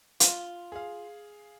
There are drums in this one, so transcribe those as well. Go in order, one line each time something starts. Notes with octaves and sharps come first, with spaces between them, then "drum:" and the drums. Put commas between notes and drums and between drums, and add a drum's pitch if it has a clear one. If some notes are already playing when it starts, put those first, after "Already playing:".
F4, drum: hi-hat
G#4 F5